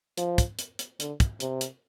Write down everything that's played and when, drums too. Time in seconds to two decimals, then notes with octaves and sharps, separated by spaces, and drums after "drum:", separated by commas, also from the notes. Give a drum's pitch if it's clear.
0.17 F3, drum: hi-hat
0.38 drum: kick, hi-hat
0.59 drum: hi-hat
0.79 drum: hi-hat
1.00 D3, drum: hi-hat
1.20 drum: kick, hi-hat
1.40 C3, drum: hi-hat
1.61 drum: hi-hat